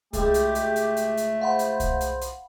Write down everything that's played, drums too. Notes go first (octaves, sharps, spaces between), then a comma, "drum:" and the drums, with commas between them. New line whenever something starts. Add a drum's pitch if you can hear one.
C#2 G#3 A3 G4, drum: kick C2, hi-hat
drum: hi-hat
drum: hi-hat
drum: hi-hat
drum: hi-hat
drum: hi-hat
C5 F5 F#5 B5
drum: hi-hat
drum: kick C2, hi-hat
drum: hi-hat
drum: hi-hat